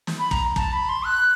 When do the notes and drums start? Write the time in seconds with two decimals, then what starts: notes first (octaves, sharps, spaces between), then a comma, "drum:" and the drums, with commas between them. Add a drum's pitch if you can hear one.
0.07 drum: snare
0.19 B5
0.31 A#5, drum: kick
0.56 A5, drum: kick
0.73 B5
0.89 C6
1.05 F#6